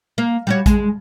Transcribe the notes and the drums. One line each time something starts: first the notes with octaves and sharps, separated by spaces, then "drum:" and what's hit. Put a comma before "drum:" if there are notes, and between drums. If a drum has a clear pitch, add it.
A#3
G3 F#4 C#5
G#3, drum: kick, hi-hat